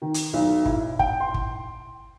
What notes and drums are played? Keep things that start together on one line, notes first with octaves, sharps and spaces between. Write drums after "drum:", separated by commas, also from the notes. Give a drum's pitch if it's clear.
D#3
drum: hi-hat
B1
E4, drum: kick
G5, drum: kick
C6
drum: kick